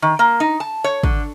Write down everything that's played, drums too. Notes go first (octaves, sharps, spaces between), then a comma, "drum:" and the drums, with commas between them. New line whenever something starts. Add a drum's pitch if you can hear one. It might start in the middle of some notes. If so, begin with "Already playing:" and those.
D#3
A#3
D#4
A5
C#5
D3, drum: kick